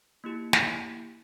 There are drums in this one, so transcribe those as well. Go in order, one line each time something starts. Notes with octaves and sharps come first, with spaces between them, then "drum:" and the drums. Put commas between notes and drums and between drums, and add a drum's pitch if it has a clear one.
A#3 E4 G4
drum: snare